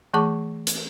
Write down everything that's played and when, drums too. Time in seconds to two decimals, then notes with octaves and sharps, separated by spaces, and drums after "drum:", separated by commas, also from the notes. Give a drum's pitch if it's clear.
0.14 E3 A3 G#4 A5 C#6 D6
0.67 drum: hi-hat